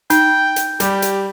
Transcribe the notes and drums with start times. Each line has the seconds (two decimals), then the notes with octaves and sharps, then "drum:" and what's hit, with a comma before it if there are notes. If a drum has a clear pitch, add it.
0.10 D#4 G5 G6, drum: hi-hat
0.56 drum: hi-hat
0.80 G3 G4, drum: hi-hat
1.02 drum: hi-hat